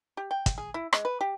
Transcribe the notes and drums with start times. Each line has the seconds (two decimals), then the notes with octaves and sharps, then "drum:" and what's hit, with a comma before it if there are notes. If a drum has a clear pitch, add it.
0.17 G4
0.31 G5
0.46 drum: kick, hi-hat
0.58 G#4
0.74 E4
0.93 G#3, drum: rim click
1.05 B4
1.21 G4